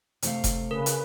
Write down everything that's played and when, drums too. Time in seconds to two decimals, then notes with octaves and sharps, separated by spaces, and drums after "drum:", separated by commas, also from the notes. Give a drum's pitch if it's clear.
0.22 C3 A3 F5, drum: hi-hat
0.44 drum: kick F1, hi-hat
0.71 C#3 A#4 B4
0.86 drum: hi-hat